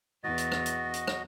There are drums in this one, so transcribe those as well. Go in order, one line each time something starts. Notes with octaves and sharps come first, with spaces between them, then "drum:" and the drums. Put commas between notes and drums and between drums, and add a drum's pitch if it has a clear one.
E2 F#4 D#5 A6
drum: hi-hat
drum: rim click
drum: hi-hat
drum: hi-hat
drum: rim click